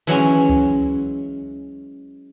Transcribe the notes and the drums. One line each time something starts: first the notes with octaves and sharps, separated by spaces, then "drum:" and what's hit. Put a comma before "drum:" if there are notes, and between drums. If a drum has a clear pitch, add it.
E3 F#3 G#3 C#4
drum: tom C#2